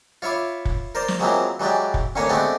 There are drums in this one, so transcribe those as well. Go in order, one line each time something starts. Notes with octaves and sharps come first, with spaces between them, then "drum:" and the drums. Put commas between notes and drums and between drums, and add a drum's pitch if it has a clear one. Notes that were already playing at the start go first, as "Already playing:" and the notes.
F4 C#5 E5 B5 D6
drum: kick
A#4 C5 D5
drum: snare
F3 F#3 G#3 A#3 C4 E4
E3 F#3 G#3 G4 D5
drum: kick
F2 A2 D3 A#3 C#5 G#5
G#3 A3 B3 C4 D4 G4